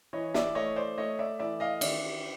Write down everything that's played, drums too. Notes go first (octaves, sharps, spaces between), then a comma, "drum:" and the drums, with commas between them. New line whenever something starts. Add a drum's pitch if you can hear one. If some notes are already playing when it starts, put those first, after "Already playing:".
E3 C#5 D#5
D5 E5, drum: snare
A3 C#5 D#5
C5 D5
A3 C#5 D#5
D5 E5
E3 D5 E5
D#5 F5
D#3 D5 E5, drum: cymbal